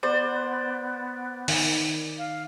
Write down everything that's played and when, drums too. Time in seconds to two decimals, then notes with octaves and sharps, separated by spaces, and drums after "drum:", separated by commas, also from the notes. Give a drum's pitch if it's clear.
0.03 B3 C5 D5
1.48 D#3, drum: open hi-hat
2.18 F5